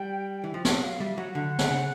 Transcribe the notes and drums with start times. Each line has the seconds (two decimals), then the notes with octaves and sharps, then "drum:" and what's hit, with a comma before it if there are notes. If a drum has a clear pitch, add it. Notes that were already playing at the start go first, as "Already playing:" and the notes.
Already playing: G3 G5
0.44 E3
0.54 F3
0.65 F#3 F#5, drum: snare
0.83 F5
1.00 G3 E5
1.17 F#3 F#5
1.35 D3 F#5
1.59 drum: snare
1.70 C#3